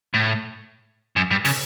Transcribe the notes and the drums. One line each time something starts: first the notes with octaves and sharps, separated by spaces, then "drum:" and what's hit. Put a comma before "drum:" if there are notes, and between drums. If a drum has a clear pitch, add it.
A2
F#2
G2
C#3, drum: open hi-hat